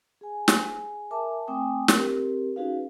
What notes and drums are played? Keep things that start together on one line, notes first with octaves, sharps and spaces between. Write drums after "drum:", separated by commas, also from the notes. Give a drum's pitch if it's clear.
G#4 G#5
drum: snare
A#4 E5 G#5 A5 D6
A3 C4 G5 G#5 D6 D#6
C4 G4 A#4, drum: snare
C#4 D#4 F#4 G#4 B4 F5